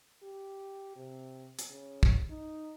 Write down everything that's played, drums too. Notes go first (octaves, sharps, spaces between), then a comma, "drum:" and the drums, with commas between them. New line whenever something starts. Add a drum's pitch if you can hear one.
G4
C3
drum: hi-hat
C#3
drum: kick
D#4